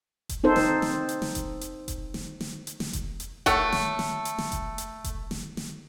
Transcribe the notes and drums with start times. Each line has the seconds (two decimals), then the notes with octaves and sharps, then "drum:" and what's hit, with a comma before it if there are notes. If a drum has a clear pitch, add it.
0.29 drum: kick F1, hi-hat
0.44 C4 D#4 A4 C5
0.56 drum: snare
0.82 drum: snare
1.09 drum: hi-hat
1.22 drum: snare
1.35 drum: kick F1, hi-hat
1.61 drum: hi-hat
1.88 drum: kick F1, hi-hat
2.14 drum: snare
2.41 drum: snare
2.67 drum: hi-hat
2.80 drum: snare
2.93 drum: kick F1, hi-hat
3.20 drum: hi-hat
3.46 A3 C#5 F#5, drum: kick F1, hi-hat
3.72 drum: snare
3.99 drum: snare
4.25 drum: hi-hat
4.38 drum: snare
4.52 drum: kick F1, hi-hat
4.78 drum: hi-hat
5.04 drum: kick F1, hi-hat
5.31 drum: snare
5.57 drum: snare